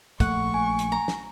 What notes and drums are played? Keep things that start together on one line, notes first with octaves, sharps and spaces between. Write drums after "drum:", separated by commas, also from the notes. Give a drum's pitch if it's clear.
A#1 A3 F#5 C#6, drum: kick, hi-hat
G#5
drum: hi-hat
A#5
drum: snare